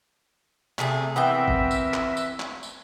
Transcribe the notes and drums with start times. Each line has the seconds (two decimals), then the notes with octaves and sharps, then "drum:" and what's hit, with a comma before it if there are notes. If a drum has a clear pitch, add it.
0.79 C3 A3 G#4, drum: clap
1.16 E3 B3 C4 A#4 B4 E5 G5
1.48 drum: kick
1.71 drum: tambourine
1.94 drum: clap
2.17 drum: tambourine
2.40 drum: clap
2.63 drum: tambourine